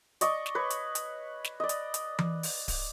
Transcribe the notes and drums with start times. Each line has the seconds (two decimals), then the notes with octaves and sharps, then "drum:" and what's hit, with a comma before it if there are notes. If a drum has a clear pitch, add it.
0.21 D5 D#5 C#6 D6, drum: hi-hat
0.46 drum: snare
0.55 B4 C#5
0.70 drum: hi-hat
0.95 drum: hi-hat
1.44 drum: snare
1.60 D5 D#5
1.69 drum: hi-hat
1.94 drum: hi-hat
2.19 drum: tom E3
2.43 drum: open hi-hat
2.68 drum: kick D1, open hi-hat